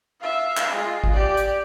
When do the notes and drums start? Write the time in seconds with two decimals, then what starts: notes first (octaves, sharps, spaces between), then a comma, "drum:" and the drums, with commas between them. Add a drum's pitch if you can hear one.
0.21 E5 F5
0.57 drum: clap
0.72 G#3 F4
1.04 drum: kick G#1
1.13 G4 D5
1.37 drum: hi-hat